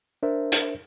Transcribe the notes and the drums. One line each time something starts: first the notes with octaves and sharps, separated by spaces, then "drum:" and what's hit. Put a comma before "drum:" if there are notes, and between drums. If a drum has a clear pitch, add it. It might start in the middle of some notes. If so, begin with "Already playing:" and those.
D4 A#4 C5 E5
drum: hi-hat